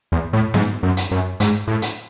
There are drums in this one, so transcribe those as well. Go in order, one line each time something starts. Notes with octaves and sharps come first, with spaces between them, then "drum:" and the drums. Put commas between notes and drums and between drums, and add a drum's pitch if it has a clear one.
E2
A2
G#2, drum: snare B3
F#2
drum: hi-hat
F#2
G#2, drum: hi-hat
A2
drum: hi-hat